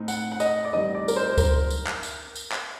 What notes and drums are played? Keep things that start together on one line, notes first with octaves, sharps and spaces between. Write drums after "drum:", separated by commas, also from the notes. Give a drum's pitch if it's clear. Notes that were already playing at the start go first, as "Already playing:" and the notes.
Already playing: A2 A3 C4 D#4
F#5, drum: tambourine
F#5
D#5, drum: tambourine
D5
A1 G2 D#3 G3 C4 D#5
D5
A#4, drum: tambourine
C5
C5
A#4, drum: kick C#2, tambourine
drum: tambourine
drum: clap
drum: tambourine
drum: tambourine
drum: clap